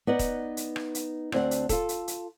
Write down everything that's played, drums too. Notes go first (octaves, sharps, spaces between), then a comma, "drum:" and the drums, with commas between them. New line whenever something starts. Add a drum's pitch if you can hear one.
B3 D#4 D5 F#5
drum: kick D#1, hi-hat
drum: hi-hat
drum: rim click
drum: hi-hat
D2 C4 D4 F#5, drum: rim click
drum: hi-hat
F4 A4, drum: kick D#1, hi-hat
drum: hi-hat
drum: hi-hat